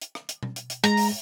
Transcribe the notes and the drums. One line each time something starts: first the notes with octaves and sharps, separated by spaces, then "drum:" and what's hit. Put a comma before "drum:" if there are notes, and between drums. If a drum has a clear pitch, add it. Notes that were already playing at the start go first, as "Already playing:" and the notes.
drum: hi-hat
drum: rim click
drum: hi-hat
drum: tom B2
drum: hi-hat
drum: hi-hat
G#3 A#5, drum: hi-hat
drum: open hi-hat